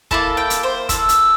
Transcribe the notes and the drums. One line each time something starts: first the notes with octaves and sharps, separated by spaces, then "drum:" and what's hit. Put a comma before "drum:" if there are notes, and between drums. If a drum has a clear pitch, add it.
A#3 E4 A4 A5, drum: kick
G5
drum: hi-hat
C5
A#3 E4 A4, drum: kick, hi-hat
drum: hi-hat